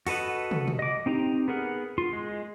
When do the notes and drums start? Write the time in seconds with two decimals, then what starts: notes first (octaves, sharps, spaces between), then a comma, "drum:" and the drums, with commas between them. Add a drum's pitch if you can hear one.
0.07 F#4 A4 B4 D#5 F#5, drum: open hi-hat
0.51 drum: tom
0.68 drum: tom
0.79 D#5 D6
1.06 C4 D#4 G4 A#5
1.48 B3 G#4 A#4 F#5
1.98 F4 C6
2.13 G#3